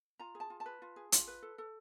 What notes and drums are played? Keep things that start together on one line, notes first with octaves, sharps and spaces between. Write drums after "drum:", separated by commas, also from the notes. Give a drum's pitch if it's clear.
F4 A#5
G#4
A5
F4
A5
B4
F4
G#4
F4, drum: hi-hat
B4
A4
A4